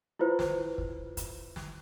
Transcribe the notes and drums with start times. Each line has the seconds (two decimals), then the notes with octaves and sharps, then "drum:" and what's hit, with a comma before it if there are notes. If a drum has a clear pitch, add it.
0.19 E4 F4 B4 C5
0.39 drum: snare
0.78 drum: kick
1.17 drum: kick, hi-hat
1.56 drum: snare